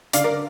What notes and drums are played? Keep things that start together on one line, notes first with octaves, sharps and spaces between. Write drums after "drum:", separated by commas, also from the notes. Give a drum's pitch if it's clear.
D3 D5 F5, drum: hi-hat
A#4 D5